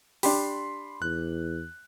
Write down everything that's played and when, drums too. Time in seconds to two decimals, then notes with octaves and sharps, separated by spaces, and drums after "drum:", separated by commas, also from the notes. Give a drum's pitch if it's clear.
0.23 D4 G4 B5 C6, drum: open hi-hat
1.02 E2 F#6